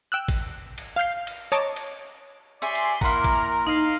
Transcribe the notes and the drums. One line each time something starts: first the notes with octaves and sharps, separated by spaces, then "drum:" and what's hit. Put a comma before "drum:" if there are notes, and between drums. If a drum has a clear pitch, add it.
G5 E6 F#6
drum: kick G#1, cymbal
drum: cymbal
F5 F6 G6 C7
drum: cymbal
C#5 D#5 A5 A#5 D6
drum: cymbal
G4 C#5 D5 E5 G#5 C6
drum: cymbal
A#3 E4 A#4 F#5 A#5 C6, drum: kick G#1
drum: kick G#1, cymbal
D#4 A#4 D#5 F5